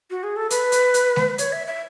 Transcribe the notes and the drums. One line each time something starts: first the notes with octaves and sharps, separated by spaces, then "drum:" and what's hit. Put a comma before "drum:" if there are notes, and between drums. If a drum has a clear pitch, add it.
F#4
G#4
A4
B4, drum: hi-hat
drum: hi-hat
drum: hi-hat
drum: snare G#3
C#5, drum: hi-hat
E5
E5